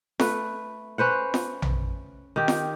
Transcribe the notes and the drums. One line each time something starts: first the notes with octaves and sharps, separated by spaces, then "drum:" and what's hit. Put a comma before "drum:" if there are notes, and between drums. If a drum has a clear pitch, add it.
A3 B4, drum: snare
C#4 B4 C5 F#5
drum: snare
drum: tom A#1
D#3 G4
drum: snare